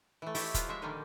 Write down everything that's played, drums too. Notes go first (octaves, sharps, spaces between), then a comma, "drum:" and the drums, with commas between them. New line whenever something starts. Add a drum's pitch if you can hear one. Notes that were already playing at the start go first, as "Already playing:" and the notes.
E3 A3
E4 G4 A4 C#5 D#5 E5, drum: open hi-hat
F3 F4 B4, drum: kick, hi-hat
G#3 C#5 E5
A#2 D3 D#3 F3 G3 A#3